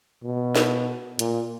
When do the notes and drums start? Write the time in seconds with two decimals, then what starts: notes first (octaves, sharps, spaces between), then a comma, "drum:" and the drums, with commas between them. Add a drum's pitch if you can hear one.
0.24 B2
0.56 drum: snare
1.19 A#2, drum: hi-hat